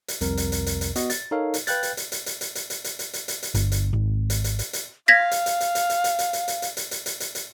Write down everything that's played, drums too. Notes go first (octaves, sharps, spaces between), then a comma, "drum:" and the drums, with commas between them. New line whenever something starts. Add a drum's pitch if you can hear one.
drum: hi-hat
C2 F2 C3 A#4, drum: hi-hat
drum: hi-hat
drum: hi-hat
drum: hi-hat
drum: hi-hat
B3 F#4 D#5, drum: hi-hat
A6, drum: hi-hat
D#4 A4 A#4 C#5 F5
drum: hi-hat
B4 F5 G5 F#6 G6 A6, drum: hi-hat
drum: hi-hat
drum: hi-hat
drum: hi-hat
drum: hi-hat
drum: hi-hat
drum: hi-hat
drum: hi-hat
drum: hi-hat
drum: hi-hat
drum: hi-hat
drum: hi-hat
drum: hi-hat
G1, drum: hi-hat
drum: hi-hat
G#1
drum: hi-hat
drum: hi-hat
drum: hi-hat
drum: hi-hat
F5 G#6 A#6 B6
drum: hi-hat
drum: hi-hat
drum: hi-hat
drum: hi-hat
drum: hi-hat
drum: hi-hat
drum: hi-hat
drum: hi-hat
drum: hi-hat
drum: hi-hat
drum: hi-hat
drum: hi-hat
drum: hi-hat
drum: hi-hat
drum: hi-hat